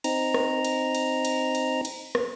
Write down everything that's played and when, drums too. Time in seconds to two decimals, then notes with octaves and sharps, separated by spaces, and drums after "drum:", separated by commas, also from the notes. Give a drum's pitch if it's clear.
0.04 C4 D#4 A#5, drum: cymbal
0.34 drum: rim click
0.65 drum: cymbal
0.95 drum: cymbal
1.25 drum: cymbal
1.55 drum: cymbal
1.85 drum: cymbal
2.15 drum: rim click